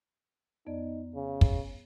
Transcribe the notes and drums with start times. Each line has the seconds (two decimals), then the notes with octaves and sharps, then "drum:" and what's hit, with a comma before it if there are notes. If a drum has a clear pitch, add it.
0.66 F2 B3 D#4 D5
1.15 C#3
1.41 drum: kick